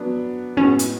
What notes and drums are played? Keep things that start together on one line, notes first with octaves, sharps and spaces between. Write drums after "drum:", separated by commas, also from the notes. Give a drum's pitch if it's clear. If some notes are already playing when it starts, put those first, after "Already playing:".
Already playing: F#3 B3 D4
A2 G#3 B3 C#4 F#4
drum: hi-hat